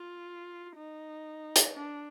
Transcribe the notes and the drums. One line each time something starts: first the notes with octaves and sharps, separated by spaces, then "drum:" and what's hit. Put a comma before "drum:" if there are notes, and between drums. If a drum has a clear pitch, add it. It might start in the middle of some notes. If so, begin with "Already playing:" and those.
Already playing: F4
D#4
drum: hi-hat
D4